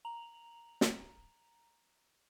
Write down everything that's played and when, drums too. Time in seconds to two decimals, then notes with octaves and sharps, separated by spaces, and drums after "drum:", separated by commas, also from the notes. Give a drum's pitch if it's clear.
0.05 A#5 F7 F#7
0.81 drum: snare